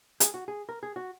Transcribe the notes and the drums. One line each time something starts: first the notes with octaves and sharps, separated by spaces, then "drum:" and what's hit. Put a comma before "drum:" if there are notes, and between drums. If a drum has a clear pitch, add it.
G#4, drum: hi-hat
F#4
G#4
A#4
G#4
F#4